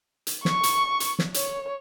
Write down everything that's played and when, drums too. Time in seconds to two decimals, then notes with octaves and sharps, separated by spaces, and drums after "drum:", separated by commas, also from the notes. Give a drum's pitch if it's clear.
0.27 drum: hi-hat
0.45 C#6, drum: snare
0.63 drum: hi-hat
1.00 drum: hi-hat
1.19 drum: snare
1.34 C#5, drum: hi-hat